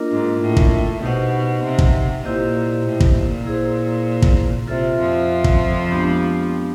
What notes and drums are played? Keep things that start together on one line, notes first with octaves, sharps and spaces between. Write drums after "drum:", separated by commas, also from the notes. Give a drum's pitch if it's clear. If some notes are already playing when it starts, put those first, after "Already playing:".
Already playing: A#3 D4 F4 A#4 D#5
G#2
A2
drum: kick
B2 D#4 G4 C5 D#5 F#5
C3
drum: kick
A#2 E4 G4 C5 D#5
A2
drum: kick
A#2
E4 G#4 C5
drum: kick
C3 F4 A4 C5 E5
F2 F3
drum: kick
G#3 B3 D4 G4